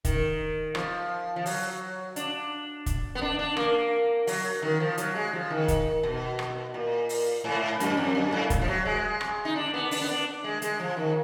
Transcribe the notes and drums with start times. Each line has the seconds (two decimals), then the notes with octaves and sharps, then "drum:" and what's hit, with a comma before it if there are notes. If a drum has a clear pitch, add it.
0.05 D#3, drum: kick, hi-hat
0.75 F3, drum: rim click
1.36 F3
1.46 F#3, drum: open hi-hat
2.16 D4, drum: hi-hat
2.86 drum: kick, hi-hat
3.15 B3
3.22 D4
3.39 D4
3.57 A#3, drum: rim click
4.27 F#3, drum: open hi-hat
4.62 D#3
4.80 F3
4.98 F#3, drum: hi-hat
5.15 G#3
5.33 F3
5.50 D#3
5.68 drum: kick, hi-hat
6.03 B2
6.39 drum: rim click
6.74 A#2
7.09 drum: open hi-hat
7.44 G#2
7.80 F#2, drum: hi-hat
7.97 F2
8.15 F#2
8.32 G#2
8.50 drum: kick, hi-hat
8.61 F3
8.68 F#3
8.85 G#3
9.21 drum: rim click
9.45 D#4
9.56 D4
9.74 B3
9.91 D4, drum: open hi-hat
10.01 B3
10.09 D4
10.44 G#3
10.62 G#3, drum: hi-hat
10.80 F3
10.97 D#3